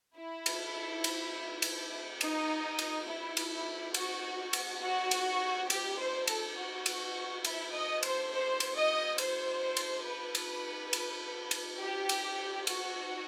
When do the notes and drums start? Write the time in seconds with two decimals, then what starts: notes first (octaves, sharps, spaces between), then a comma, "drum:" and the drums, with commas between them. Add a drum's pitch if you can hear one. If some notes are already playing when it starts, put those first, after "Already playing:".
0.17 E4
0.46 drum: cymbal
1.04 drum: cymbal
1.62 drum: cymbal
2.21 D#4, drum: cymbal
2.79 drum: cymbal
3.07 E4
3.37 drum: cymbal
3.94 F#4, drum: cymbal
4.53 drum: cymbal
4.82 F#4
5.11 drum: cymbal
5.70 G4, drum: cymbal
5.99 C5
6.27 A4, drum: cymbal
6.57 F#4
6.86 drum: cymbal
7.45 E4, drum: cymbal
7.74 D#5
8.03 C5, drum: cymbal
8.31 C5
8.60 drum: cymbal
8.75 D#5
9.18 C5, drum: cymbal
9.77 drum: cymbal
10.05 B4
10.35 drum: cymbal
10.93 drum: cymbal
11.51 drum: cymbal
11.80 G4
12.09 drum: cymbal
12.67 F#4, drum: cymbal